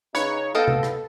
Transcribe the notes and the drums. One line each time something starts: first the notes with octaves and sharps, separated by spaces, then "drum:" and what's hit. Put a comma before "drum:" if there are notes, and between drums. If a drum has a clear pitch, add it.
C#3 D#4 B4 C#5
B3 A4 D#5 F5 G5
drum: tom C3
drum: rim click